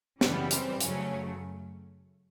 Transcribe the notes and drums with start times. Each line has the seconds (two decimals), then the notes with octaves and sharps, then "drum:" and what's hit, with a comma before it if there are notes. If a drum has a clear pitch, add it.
0.21 F#2 C#3 E3 G3 B3, drum: snare
0.51 C4, drum: hi-hat
0.81 F#2 C#3 F#3 A3 C#4, drum: hi-hat